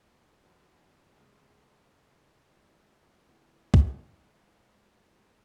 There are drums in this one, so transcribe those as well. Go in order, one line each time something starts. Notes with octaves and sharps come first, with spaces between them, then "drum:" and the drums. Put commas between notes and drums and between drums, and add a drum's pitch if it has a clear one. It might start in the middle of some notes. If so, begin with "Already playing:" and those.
Already playing: G#1 F#2 D3 G#3 C#4
E2 D3 F#3 B3
E2 C#3 G#3
C#2 C#3 G#3
G#2 E3 G#3 D4 F#4
D2 C#3 E3 B3 E4
drum: kick
G#1 G#2 E3
A1 G#2 F#3